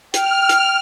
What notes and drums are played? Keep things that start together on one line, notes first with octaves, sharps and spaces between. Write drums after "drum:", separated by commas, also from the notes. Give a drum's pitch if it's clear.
G5 F6, drum: hi-hat
drum: hi-hat